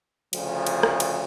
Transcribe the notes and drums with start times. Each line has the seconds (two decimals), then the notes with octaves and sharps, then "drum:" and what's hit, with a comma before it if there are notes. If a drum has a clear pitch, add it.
0.33 D2 C#3 F3, drum: cymbal
0.67 drum: cymbal
0.83 drum: rim click
1.00 drum: cymbal